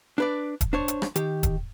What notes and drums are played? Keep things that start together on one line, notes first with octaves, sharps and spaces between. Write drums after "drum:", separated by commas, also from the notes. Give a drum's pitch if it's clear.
D4 B4 D5
drum: kick D#1, hi-hat
D4 C5 C#5
drum: hi-hat
drum: rim click
D#3 G4, drum: hi-hat
drum: kick D#1, hi-hat